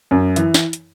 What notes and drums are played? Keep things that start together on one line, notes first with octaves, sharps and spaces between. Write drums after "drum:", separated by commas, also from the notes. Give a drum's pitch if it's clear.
F#2
E3, drum: hi-hat
drum: snare
drum: hi-hat